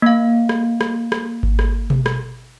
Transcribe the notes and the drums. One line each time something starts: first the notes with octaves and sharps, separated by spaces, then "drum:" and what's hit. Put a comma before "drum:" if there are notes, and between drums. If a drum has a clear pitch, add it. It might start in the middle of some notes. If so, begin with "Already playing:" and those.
A#3 F5
drum: rim click
drum: rim click
drum: rim click
drum: kick G#1
drum: rim click
drum: tom B2
drum: rim click